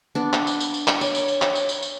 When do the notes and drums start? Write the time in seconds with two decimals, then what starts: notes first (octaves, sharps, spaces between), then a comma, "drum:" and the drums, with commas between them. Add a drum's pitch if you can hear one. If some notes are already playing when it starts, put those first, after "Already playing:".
0.15 B3 D4
0.33 drum: clap
0.47 drum: tambourine
0.60 drum: tambourine
0.74 drum: tambourine
0.88 drum: clap
1.01 C#5 D5, drum: tambourine
1.15 drum: tambourine
1.28 drum: tambourine
1.42 drum: clap
1.55 drum: tambourine
1.69 drum: tambourine
1.82 drum: tambourine